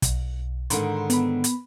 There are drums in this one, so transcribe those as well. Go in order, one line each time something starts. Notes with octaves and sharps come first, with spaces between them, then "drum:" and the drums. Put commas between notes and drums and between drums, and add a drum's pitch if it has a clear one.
B1, drum: kick, hi-hat
G#2 D3 D#3 B5 C6, drum: hi-hat
B3 B5, drum: hi-hat
drum: hi-hat